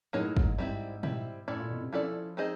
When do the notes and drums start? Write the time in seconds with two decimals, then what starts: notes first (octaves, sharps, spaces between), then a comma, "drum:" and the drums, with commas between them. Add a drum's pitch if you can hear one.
0.13 A2 F#3 A#3 D#4 G#4 C#5
0.37 G#2, drum: kick
0.58 G#2 G3 C4 E4
1.03 G3 C4 E4, drum: tom
1.48 A2 C#4 E4 A4 D5
1.59 A#2
1.70 B2
1.81 C3
1.93 F3 C#4 E4 A4 D5
2.37 C4 D#4 G#4 C5 D#5